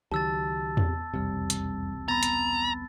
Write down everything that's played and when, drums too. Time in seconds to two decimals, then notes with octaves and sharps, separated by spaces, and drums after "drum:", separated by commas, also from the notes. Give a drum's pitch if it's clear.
0.12 C#2 D#3 F#3 G4 A5 E6 A6
0.77 drum: tom E2
1.14 E1 C2 F2 C3 G3
1.50 drum: hi-hat
2.08 B3 A#5 B5 A6
2.23 drum: hi-hat